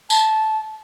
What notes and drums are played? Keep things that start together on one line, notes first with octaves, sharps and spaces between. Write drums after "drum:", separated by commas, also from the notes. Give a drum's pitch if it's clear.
A5, drum: tambourine